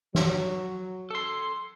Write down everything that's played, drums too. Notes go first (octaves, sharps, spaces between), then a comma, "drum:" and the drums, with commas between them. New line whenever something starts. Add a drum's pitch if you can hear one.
F#3, drum: snare
A4 C6